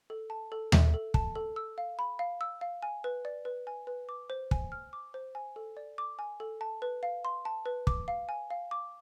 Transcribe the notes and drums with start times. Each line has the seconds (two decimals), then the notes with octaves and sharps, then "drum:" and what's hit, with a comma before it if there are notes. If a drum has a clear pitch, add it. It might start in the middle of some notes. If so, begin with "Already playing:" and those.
0.10 A4
0.30 A5
0.52 A4
0.72 E5, drum: tom D#2
0.94 A4
1.14 A5, drum: kick
1.35 A4
1.56 E6
1.78 F5
1.99 B5
2.19 F5
2.41 E6
2.61 F5
2.83 G#5
3.04 B4
3.25 D5
3.45 B4
3.67 G#5
3.87 B4
4.09 D6
4.30 C5
4.51 G#5, drum: kick
4.72 F6
4.93 D6
5.14 C5
5.35 G#5
5.56 A4
5.77 D5
5.98 D6
6.19 G#5
6.40 A4
6.61 A5
6.82 B4
7.03 F5
7.25 C6
7.45 A5
7.66 B4
7.87 D6, drum: kick
8.08 F5
8.29 G#5
8.50 F5
8.71 D6